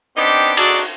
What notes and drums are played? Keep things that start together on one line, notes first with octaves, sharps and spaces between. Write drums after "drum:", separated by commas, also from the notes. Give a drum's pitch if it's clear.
B3 C4 D4 D#4 G4
D4 D#4 F#4 G#4 A4 D5, drum: cymbal